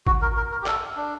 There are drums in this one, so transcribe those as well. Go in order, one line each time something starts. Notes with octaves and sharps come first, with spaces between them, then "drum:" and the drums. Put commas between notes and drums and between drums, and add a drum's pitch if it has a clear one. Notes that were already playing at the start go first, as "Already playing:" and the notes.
F#4, drum: kick G#1
A#4
A#4
A#4
G4
A4, drum: clap
D4